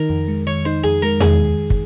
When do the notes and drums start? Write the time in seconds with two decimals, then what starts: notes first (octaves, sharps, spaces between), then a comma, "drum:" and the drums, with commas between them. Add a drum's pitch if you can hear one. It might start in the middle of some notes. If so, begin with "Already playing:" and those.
Already playing: D#3 D#4 A#4
0.10 F2
0.28 G#3
0.47 D#3 C#5
0.65 D#4 C5
0.84 F2 G#4
1.02 G#3 A#4
1.20 D#3 G#4, drum: tom E2
1.70 drum: kick